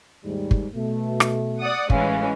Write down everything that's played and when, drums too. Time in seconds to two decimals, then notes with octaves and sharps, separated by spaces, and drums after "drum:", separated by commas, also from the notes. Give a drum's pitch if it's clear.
0.24 D#2 G#2 G3
0.51 drum: kick
0.75 B2 A3
1.20 drum: rim click
1.60 D5 F#5 D#6
1.90 A1 E3 G#3 C#4 F5, drum: kick